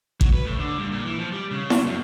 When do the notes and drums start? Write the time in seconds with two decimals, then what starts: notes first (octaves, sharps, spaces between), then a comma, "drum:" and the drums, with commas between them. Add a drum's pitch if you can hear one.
0.21 F#3, drum: kick A1
0.33 B4
0.45 A2
0.59 D3
0.78 G2
0.91 A#2
1.05 E3
1.19 F3
1.32 G3
1.51 C#3
1.70 F#3, drum: snare E4
1.87 F#2